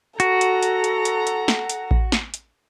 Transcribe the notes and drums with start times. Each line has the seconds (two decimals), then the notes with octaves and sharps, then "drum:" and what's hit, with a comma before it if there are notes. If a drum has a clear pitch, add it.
0.20 F#4 A4 A#5, drum: hi-hat
0.41 drum: hi-hat
0.63 drum: hi-hat
0.84 drum: hi-hat
1.05 drum: hi-hat
1.27 drum: hi-hat
1.48 drum: snare
1.70 drum: hi-hat
1.91 drum: kick A1
2.12 drum: snare
2.34 drum: hi-hat